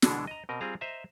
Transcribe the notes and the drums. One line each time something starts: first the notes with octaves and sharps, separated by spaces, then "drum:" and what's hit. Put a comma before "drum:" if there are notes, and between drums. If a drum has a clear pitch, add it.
B2 D3 E3 G#3 D4 A4, drum: snare
D#5 A#5
B2 C4 A#4 D#5
G3 C4 F4 G#4 A#5
C5 D#5 E5 A#5